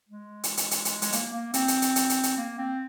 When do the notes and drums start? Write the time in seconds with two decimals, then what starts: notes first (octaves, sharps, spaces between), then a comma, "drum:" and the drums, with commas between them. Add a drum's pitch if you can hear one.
0.09 G#3
0.44 drum: hi-hat
0.57 drum: hi-hat
0.71 drum: hi-hat
0.85 drum: hi-hat
1.02 G#3, drum: hi-hat
1.12 A#3, drum: hi-hat
1.34 A#3
1.54 C4, drum: hi-hat
1.68 drum: hi-hat
1.82 drum: hi-hat
1.96 drum: hi-hat
2.10 drum: hi-hat
2.23 drum: hi-hat
2.38 A#3
2.58 C4